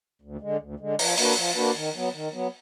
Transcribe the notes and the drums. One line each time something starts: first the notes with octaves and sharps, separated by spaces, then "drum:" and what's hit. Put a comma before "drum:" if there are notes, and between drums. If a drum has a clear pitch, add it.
D2
D3 G#3
D2
D3 G#3
F3, drum: open hi-hat
A#3 D4 F#4 B4, drum: open hi-hat
F3
A#3 D4 F#4 B4
D#3
F#3 B3
D#3
F#3 B3